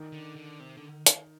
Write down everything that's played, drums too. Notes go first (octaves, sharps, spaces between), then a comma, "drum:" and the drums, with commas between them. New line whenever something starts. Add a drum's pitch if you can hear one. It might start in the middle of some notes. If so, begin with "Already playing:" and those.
Already playing: D#3
D3
D3
C3
D3
drum: hi-hat